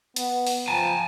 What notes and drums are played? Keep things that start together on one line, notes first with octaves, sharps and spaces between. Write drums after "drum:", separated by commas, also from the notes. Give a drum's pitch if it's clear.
B3, drum: hi-hat
drum: open hi-hat
F3 G#5 A5